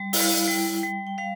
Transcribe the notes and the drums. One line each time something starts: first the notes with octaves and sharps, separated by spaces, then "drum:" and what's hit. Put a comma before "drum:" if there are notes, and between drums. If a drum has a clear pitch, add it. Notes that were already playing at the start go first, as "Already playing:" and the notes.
Already playing: G3
E4 F5, drum: open hi-hat
G3 G5
G5
G3
G5
G3 F5